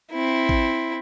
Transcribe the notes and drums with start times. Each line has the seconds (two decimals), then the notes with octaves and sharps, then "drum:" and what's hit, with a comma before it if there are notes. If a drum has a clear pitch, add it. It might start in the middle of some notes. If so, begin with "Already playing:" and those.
0.11 C4 E4
0.49 drum: kick